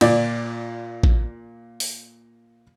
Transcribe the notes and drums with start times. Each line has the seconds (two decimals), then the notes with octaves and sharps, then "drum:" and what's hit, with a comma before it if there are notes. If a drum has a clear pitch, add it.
0.01 A#2 D5, drum: cymbal
1.03 drum: kick A1
1.80 drum: open hi-hat